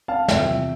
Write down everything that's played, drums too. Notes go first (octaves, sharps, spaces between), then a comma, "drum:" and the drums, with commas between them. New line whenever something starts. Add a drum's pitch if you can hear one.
F5 A5
E2 C3 F3 E5 G5, drum: snare